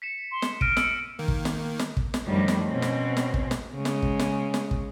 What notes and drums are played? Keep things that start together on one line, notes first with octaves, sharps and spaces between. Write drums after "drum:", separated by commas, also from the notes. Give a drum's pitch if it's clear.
B6 C#7 E7
C6
drum: snare
F6 A#6 D7 D#7, drum: kick
E6 C#7, drum: snare
D#3 A#3
drum: kick
drum: snare
drum: snare
drum: kick
drum: snare
F#2 A2 D3 D#3 F3 G3
drum: snare
B2 C4 C#4
drum: snare
drum: snare
drum: kick
drum: snare
C#3 G#3
drum: snare
drum: kick
drum: snare
drum: snare
drum: kick